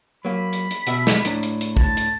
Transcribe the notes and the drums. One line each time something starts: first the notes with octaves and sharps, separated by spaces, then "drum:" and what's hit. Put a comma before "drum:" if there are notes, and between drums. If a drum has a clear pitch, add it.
F#3 A#3 B5
drum: hi-hat
drum: hi-hat
B2 E5, drum: hi-hat
drum: snare
A2 D4 A#5, drum: hi-hat
drum: hi-hat
drum: hi-hat
A5, drum: kick
drum: hi-hat